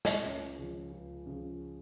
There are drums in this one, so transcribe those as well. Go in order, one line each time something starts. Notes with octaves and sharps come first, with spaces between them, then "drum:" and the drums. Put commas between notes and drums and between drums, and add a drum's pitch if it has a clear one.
drum: snare
C#2 C#4
C#3 F3
C#2
C#3 F3